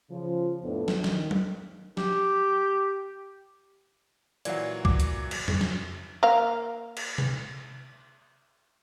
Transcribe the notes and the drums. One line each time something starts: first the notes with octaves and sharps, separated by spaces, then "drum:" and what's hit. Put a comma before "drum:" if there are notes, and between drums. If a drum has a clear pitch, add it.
C#3 F3
F2 A2 B3 D4 A4
drum: snare
D#3, drum: snare
drum: tom F#3
G4, drum: snare
A#2 E3 F#3 D5 F#5, drum: hi-hat
D6, drum: kick
drum: hi-hat
drum: cymbal
drum: tom F2
drum: snare
A#3 F5
drum: cymbal
drum: tom C3